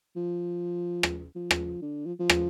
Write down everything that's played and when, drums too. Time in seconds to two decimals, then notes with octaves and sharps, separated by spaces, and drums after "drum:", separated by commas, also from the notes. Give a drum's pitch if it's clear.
0.16 F3
1.03 drum: rim click
1.35 F3
1.51 drum: rim click
1.82 D3
2.06 F3
2.20 F3
2.30 drum: rim click